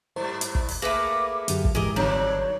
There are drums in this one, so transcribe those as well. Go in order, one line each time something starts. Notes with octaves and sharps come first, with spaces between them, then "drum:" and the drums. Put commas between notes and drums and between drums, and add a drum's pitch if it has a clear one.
G#2 G3 C5
drum: hi-hat
drum: kick
drum: open hi-hat
A3 A#3 G#4 B4 D6 A#6
F#2 D3 F#3 G4, drum: hi-hat
drum: kick
G#2 E3 G4 G#4 A#4 D#5 D6
G#1 D3 F#3 G3 C4 D4 C#5